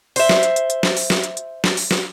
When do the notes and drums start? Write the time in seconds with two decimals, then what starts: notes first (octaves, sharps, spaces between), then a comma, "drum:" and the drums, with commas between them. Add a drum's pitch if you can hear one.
0.16 C5 E5, drum: open hi-hat
0.29 drum: snare
0.43 drum: hi-hat
0.56 drum: hi-hat
0.70 drum: hi-hat
0.83 drum: snare
0.97 drum: open hi-hat
1.10 drum: snare
1.23 drum: hi-hat
1.37 drum: hi-hat
1.64 drum: snare
1.77 drum: open hi-hat
1.91 drum: snare